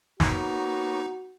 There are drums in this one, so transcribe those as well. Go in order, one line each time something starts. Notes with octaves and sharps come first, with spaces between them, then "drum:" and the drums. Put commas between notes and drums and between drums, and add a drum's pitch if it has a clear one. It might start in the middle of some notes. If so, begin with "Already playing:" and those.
A#3 B3 D#4 F#4 C#5, drum: snare